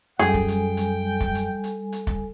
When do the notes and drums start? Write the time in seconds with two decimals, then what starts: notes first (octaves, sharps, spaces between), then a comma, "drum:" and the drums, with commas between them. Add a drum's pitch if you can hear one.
0.19 F#2 G3 G#4 A4 G5 G#5, drum: hi-hat
0.34 drum: kick
0.48 drum: hi-hat
0.77 drum: hi-hat
1.20 drum: kick
1.35 drum: hi-hat
1.64 drum: hi-hat
1.92 drum: hi-hat
2.07 drum: kick